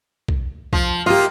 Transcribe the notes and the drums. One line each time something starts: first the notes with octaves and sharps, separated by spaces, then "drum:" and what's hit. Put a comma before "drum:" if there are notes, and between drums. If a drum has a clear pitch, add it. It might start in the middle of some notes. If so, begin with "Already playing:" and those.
drum: kick B1
F3, drum: kick B1
A#3 F4 G4 D#5